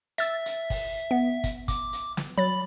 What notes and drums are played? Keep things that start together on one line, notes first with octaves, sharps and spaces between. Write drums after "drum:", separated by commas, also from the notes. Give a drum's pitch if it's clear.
E5 E6 A6, drum: hi-hat
drum: hi-hat
drum: kick, open hi-hat
B3
drum: kick, hi-hat
D6, drum: kick, hi-hat
drum: hi-hat
drum: snare
F#3 B5 A6